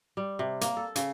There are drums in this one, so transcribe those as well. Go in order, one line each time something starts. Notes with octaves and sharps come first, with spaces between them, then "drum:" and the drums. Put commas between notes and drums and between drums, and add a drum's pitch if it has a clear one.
G3
C3
A#3, drum: hi-hat
A4
C#3, drum: hi-hat